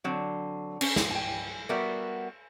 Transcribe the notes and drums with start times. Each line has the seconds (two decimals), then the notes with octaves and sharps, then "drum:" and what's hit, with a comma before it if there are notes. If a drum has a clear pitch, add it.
0.04 D3 F#3 C4
0.81 C#4, drum: cymbal
0.96 drum: snare
1.11 G5 G#5
1.69 G3 B3 F#4 A#4 E5